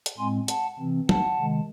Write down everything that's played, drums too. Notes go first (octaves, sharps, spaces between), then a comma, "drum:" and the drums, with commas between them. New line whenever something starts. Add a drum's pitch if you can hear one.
drum: hi-hat
A2 G#3 C4 G#5 C6
F#5 A5, drum: hi-hat
C3 E3 C4
F#5 A5, drum: tom
C3 D#3 G#3